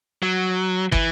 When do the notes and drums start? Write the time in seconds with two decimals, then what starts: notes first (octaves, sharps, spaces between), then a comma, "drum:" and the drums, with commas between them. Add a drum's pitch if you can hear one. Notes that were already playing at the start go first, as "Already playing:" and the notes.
0.23 F#3
0.92 E3, drum: kick